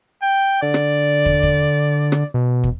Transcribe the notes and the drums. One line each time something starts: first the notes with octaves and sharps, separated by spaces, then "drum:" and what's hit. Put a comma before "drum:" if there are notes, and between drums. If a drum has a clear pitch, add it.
G5
D3 D5
drum: rim click
drum: kick
drum: kick
drum: rim click
B2
drum: kick